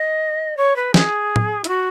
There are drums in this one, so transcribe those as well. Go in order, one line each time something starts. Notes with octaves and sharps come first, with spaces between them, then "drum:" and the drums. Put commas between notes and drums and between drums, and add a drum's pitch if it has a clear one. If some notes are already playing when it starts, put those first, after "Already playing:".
Already playing: D#5
C#5
B4
G#4, drum: snare
drum: tom A2
E4, drum: hi-hat
F#4